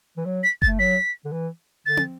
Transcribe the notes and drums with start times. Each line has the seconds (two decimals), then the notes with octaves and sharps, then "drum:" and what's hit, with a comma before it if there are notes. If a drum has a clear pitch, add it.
0.17 E3
0.25 F#3
0.44 B6
0.62 A6, drum: kick F#1
0.66 A3
0.79 F#3 B6
1.25 D3
1.32 E3
1.86 D3 A6
1.97 drum: tom